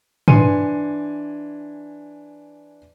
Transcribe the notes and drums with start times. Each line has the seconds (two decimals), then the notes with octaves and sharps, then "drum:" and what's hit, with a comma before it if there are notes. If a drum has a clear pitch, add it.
0.28 E3 D4 G#5 C6 C#7 D#7, drum: tom